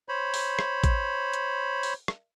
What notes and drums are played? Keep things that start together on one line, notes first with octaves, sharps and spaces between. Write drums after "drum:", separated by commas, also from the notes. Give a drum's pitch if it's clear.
C5 C#5 B5
drum: open hi-hat
drum: rim click
drum: kick A1, hi-hat
drum: hi-hat
drum: open hi-hat
drum: rim click